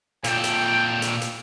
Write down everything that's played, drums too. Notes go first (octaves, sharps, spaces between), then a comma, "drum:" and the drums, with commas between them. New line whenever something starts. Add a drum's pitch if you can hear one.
A#2 A4 G5, drum: hi-hat
drum: hi-hat
drum: hi-hat
drum: hi-hat